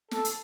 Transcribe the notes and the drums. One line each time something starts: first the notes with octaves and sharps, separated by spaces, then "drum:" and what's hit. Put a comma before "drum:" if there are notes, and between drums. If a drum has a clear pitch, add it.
A4, drum: snare
drum: hi-hat